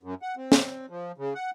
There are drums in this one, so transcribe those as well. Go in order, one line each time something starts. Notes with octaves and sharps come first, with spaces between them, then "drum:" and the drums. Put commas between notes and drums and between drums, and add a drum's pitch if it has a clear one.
F#2
F#5
C4
drum: snare
F3
C#3
F#5